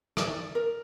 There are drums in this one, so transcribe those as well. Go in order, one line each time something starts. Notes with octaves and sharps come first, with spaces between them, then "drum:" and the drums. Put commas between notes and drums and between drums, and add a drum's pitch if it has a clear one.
D5, drum: rim click
A#4